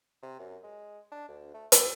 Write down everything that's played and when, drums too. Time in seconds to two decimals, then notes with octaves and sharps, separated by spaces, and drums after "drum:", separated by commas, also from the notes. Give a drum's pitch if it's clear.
0.23 C3
0.39 F#2
0.63 G#3
1.12 D4
1.29 D2
1.54 A3
1.72 C2, drum: hi-hat